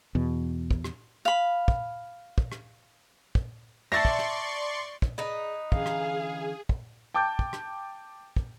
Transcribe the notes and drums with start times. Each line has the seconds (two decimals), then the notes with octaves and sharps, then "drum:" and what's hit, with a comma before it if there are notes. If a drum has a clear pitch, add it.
0.15 E2 B2
0.71 drum: kick
0.84 drum: rim click
1.25 F5 B5
1.68 drum: kick
2.38 drum: kick
2.52 drum: rim click
3.35 drum: kick
3.92 D5 E5 A5 C6 C#6 A6 A#6
4.05 drum: kick
4.19 drum: rim click
5.02 drum: kick
5.18 D#4 G#4 B4 D5
5.72 D3 E3 C#4 G#4 F5, drum: kick
5.86 drum: rim click
6.69 drum: kick
7.14 G5 A5 D6 G6
7.39 drum: kick
7.53 drum: rim click
8.36 drum: kick